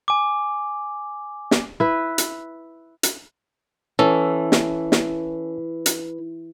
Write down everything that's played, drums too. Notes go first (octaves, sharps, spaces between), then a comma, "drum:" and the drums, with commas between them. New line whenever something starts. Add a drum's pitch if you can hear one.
G#5 D6
drum: snare
E4 B4
drum: hi-hat
drum: hi-hat
E3 C#4 A4
drum: snare
drum: snare
drum: hi-hat